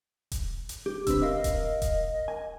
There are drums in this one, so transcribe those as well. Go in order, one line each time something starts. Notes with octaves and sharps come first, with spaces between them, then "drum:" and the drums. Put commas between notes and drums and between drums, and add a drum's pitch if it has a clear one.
drum: kick D#1, hi-hat
drum: hi-hat
G4
D3 C4 B4 E6, drum: kick D#1, hi-hat
A#4 D#5 F5
drum: kick D#1, hi-hat
drum: kick D#1, hi-hat
G#5